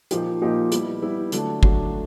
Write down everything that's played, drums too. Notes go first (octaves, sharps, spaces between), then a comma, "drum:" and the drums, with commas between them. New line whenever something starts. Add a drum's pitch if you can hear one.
A#2 F3 A#3 D#4 G4, drum: hi-hat
A#2 F3 A#3 D#4 G4
G3 B3 E4, drum: hi-hat
G3 B3 E4
D3 F#3 A3 D4, drum: hi-hat
D3 F#3 A3 D4, drum: kick